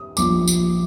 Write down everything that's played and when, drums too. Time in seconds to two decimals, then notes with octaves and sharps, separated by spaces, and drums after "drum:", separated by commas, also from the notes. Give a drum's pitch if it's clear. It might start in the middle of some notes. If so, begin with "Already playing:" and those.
Already playing: D#6
0.17 A#1 A#2 F3 D6, drum: tambourine
0.48 drum: tambourine